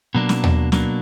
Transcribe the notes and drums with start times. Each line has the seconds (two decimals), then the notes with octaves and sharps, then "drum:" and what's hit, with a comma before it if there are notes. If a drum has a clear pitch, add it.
0.15 B2 F#3 A#3 D4
0.29 drum: snare
0.43 drum: tom D#2
0.72 B2 F#3 A#3 D4, drum: snare